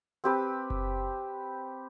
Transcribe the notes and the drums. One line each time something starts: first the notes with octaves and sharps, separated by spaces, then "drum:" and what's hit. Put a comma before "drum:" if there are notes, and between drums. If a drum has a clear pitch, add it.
C4 G4 B4
drum: kick F#1